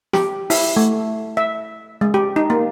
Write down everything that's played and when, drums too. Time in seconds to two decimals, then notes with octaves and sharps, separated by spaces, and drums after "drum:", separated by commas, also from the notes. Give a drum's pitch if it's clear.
0.13 G4, drum: snare
0.50 E4, drum: open hi-hat
0.76 A3
1.37 E5
2.01 G#3
2.14 G4
2.36 D#4
2.50 A#3